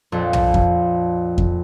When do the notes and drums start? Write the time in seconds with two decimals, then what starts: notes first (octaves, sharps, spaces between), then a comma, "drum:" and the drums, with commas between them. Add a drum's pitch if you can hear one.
0.12 A#1 F2
0.33 drum: tom B1
0.54 drum: kick F2
1.38 drum: kick F2